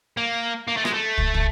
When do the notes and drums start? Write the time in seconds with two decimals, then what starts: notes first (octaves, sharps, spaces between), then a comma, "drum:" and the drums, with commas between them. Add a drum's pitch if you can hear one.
0.17 A#3
0.68 A#3
0.77 A3
0.85 G#3, drum: rim click
0.93 A3
1.18 drum: kick
1.34 drum: kick